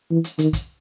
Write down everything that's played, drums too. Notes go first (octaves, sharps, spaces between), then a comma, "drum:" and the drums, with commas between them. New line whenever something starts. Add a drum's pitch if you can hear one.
E3
drum: hi-hat
D#3, drum: hi-hat
drum: kick, hi-hat